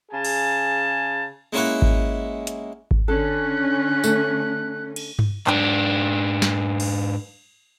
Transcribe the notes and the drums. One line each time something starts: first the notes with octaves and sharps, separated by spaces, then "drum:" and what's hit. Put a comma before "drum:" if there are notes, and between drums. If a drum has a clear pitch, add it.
C#3 G#4 G#5 A5
drum: cymbal
G#3 A#3 C#4 E4 C#5 F#5
drum: kick G#1
drum: hi-hat
drum: kick G#1
D3 C#4 A4 F#6
A3, drum: tambourine
drum: cymbal
drum: tom G2
G#2 D4, drum: clap
drum: snare
drum: cymbal